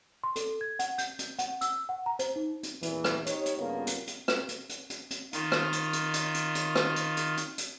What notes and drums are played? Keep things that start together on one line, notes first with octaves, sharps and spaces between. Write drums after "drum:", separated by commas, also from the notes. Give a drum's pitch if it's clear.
C6
A4, drum: hi-hat
G#6
F#5, drum: hi-hat
G6, drum: hi-hat
drum: hi-hat
F#5, drum: hi-hat
E6, drum: hi-hat
F#5
A#5
C5, drum: hi-hat
D#4
drum: hi-hat
E2 A#2 E3, drum: hi-hat
drum: rim click
D#4 G4 C5 C#5, drum: hi-hat
drum: hi-hat
G2 C#3 A#3 B3 F4
drum: hi-hat
drum: hi-hat
drum: rim click
drum: hi-hat
drum: hi-hat
drum: hi-hat
drum: hi-hat
D#3 F4, drum: hi-hat
drum: rim click
drum: hi-hat
drum: hi-hat
drum: hi-hat
drum: hi-hat
drum: hi-hat
drum: rim click
drum: hi-hat
drum: hi-hat
drum: hi-hat
drum: hi-hat